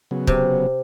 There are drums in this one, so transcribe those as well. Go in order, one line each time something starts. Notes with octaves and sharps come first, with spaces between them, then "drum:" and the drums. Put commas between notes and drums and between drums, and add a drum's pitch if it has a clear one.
C#3 F#3 B3
C3, drum: kick C#1